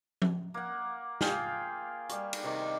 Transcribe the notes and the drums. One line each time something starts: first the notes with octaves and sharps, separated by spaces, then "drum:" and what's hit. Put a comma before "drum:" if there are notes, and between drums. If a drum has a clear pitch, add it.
drum: tom F3
A#3 F#5
F4 G#4 F5 G5, drum: snare
G3 C#6, drum: hi-hat
drum: cymbal
C3 D#3 D6